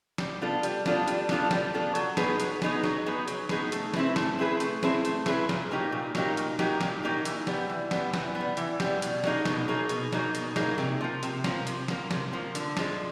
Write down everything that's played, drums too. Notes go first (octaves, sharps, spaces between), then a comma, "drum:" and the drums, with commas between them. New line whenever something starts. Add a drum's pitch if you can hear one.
G3, drum: snare
B3 D4 F4 A4
G3, drum: hi-hat
B3 D4 F4 A4, drum: snare
G3, drum: hi-hat
B3 D4 F4 A4, drum: snare
G3, drum: snare
B3 D4 F4 A4
F#3, drum: hi-hat
B3 D#4 G#4 B4, drum: snare
F#3, drum: hi-hat
B3 D#4 G#4 B4, drum: snare
F#3, drum: snare
B3 D#4 G#4 B4
F#3, drum: hi-hat
B3 D#4 G#4 B4, drum: snare
A3, drum: hi-hat
C4 E4 G#4 B4, drum: snare
A3, drum: snare
C4 E4 G#4 B4
A3, drum: hi-hat
C4 E4 G#4 B4, drum: snare
A3, drum: hi-hat
C4 E4 G#4 B4, drum: snare
A#2, drum: snare
F#3 A#3 D#4 G4
A#2
F#3 A#3 D#4 G4, drum: snare
A#2, drum: hi-hat
F#3 A#3 D#4 G4, drum: snare
A#2, drum: snare
F#3 A#3 D#4 G4
E3, drum: hi-hat
G3 B3, drum: snare
E3
G3 B3, drum: snare
E3, drum: snare
B3
G3
E3, drum: hi-hat
G3 B3, drum: snare
B2, drum: hi-hat
F#3 A#3 D#4 G#4, drum: snare
B2, drum: snare
F#3 A#3 D#4 G#4
B2, drum: hi-hat
F#3 A#3 D#4 G#4, drum: snare
B2, drum: hi-hat
F#3 A#3 D#4 G#4, drum: snare
C3, drum: snare
F3 A#3
C3, drum: hi-hat
F3 A#3, drum: snare
C3, drum: hi-hat
F3 A#3, drum: snare
C3, drum: snare
F3 A#3
D3, drum: hi-hat
F3 G#3, drum: snare